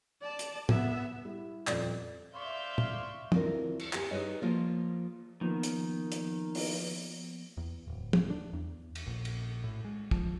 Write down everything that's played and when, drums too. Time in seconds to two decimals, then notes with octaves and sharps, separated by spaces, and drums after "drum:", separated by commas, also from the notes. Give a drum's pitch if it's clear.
0.21 D5 A5
0.39 drum: hi-hat
0.69 B3 E5, drum: tom
1.25 G3 E4
1.67 D#1 F2 D5, drum: clap
2.35 D5 E5 F5 C6 C#6 G6
2.78 drum: tom
3.32 D2 E3 C4 F4 A#4, drum: tom
3.79 drum: cymbal
3.93 D2 G4 A#4 G#5, drum: clap
4.11 D#4 G#4 B4 C#5 D#5
4.42 F3 A#3 F4
5.41 D#3 F3 A#3 B3
5.63 drum: hi-hat
6.12 drum: hi-hat
6.55 drum: open hi-hat
7.57 E2
7.88 D1
8.13 drum: tom
8.30 D4
8.53 E2
8.95 drum: cymbal
9.06 A#1
9.25 drum: cymbal
9.64 A2
9.85 G#3
10.11 F3, drum: kick